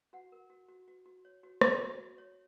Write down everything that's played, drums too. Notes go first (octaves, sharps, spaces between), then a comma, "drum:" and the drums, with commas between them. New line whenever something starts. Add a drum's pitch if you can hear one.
F#4 F#5
A#4
F#4
F#4
F#4
F#4
C#5
F#4
F#4, drum: rim click
F#4
F#4
C#5